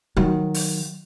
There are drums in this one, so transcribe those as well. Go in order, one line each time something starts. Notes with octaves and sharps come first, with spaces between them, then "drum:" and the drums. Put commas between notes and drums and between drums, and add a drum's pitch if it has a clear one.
D#3 F#3
drum: open hi-hat